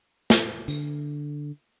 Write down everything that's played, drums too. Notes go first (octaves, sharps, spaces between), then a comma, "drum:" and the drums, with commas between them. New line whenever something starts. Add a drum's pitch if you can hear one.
drum: snare
D3, drum: tambourine